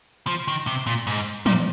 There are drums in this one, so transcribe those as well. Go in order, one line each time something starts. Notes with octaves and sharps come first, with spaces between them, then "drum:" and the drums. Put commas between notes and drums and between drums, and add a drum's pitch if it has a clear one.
F3
D#3
C3
A#2
G#2
A#2, drum: tom